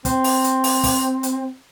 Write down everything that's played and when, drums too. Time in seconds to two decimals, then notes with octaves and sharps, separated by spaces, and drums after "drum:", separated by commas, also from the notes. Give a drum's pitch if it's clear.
0.05 C4, drum: kick, hi-hat
0.24 drum: open hi-hat
0.44 drum: hi-hat
0.64 drum: open hi-hat
0.84 drum: kick, open hi-hat
1.23 drum: hi-hat